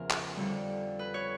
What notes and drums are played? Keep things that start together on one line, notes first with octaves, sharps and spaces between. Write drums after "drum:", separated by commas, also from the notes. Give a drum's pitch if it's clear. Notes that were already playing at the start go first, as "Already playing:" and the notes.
Already playing: E2 C#3 F3 A#4
drum: clap
F2 D3 G3
B4
C#5